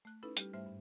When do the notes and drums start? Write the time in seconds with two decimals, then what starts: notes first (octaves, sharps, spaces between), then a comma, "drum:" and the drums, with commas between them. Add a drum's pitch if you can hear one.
0.05 A3 F#6
0.23 C#4 D#4 E4 A4 B4 B5
0.37 G3 G4 F6, drum: hi-hat
0.53 G#2 G3 A3 C5 E5 F6
0.66 G2